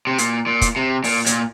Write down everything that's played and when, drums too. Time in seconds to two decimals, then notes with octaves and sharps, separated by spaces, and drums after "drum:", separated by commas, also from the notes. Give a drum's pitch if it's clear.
0.07 C3
0.18 A#2, drum: hi-hat
0.47 A#2
0.61 drum: kick, hi-hat
0.76 C3
1.04 A#2, drum: open hi-hat
1.26 A#2, drum: hi-hat